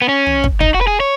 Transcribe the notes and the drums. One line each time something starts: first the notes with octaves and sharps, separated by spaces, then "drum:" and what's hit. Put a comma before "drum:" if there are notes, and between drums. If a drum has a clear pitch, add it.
B3
C#4
drum: tom
drum: kick
D#4, drum: kick
F#4
B4
G#4
C#5